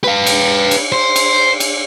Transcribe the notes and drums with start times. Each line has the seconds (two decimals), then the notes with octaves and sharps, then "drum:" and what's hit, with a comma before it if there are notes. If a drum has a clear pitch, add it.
0.04 B4 F5
0.26 drum: cymbal
0.71 drum: cymbal
0.92 C5
1.16 drum: cymbal
1.60 drum: cymbal